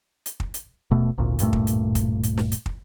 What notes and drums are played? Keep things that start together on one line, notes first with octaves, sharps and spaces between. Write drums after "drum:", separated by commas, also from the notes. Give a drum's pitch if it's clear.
drum: hi-hat
drum: kick
drum: hi-hat
D#1 B2 A3
G#1 D2 A#2
D1 G2 A#2 A3, drum: hi-hat
drum: kick
drum: hi-hat
drum: kick, hi-hat
drum: hi-hat
drum: snare
drum: hi-hat
drum: kick